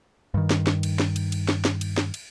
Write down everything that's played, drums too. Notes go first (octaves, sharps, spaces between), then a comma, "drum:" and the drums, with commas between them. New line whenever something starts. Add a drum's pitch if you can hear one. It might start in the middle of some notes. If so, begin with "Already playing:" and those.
G2 D#3
drum: snare
drum: snare
drum: cymbal
drum: snare
drum: cymbal
drum: cymbal
drum: snare
drum: snare
drum: cymbal
drum: snare
drum: cymbal